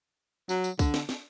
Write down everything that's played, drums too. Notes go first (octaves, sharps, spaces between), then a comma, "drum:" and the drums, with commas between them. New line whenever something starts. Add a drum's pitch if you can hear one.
F#3, drum: tambourine
drum: tambourine
D3, drum: kick C2, tambourine
drum: snare
drum: snare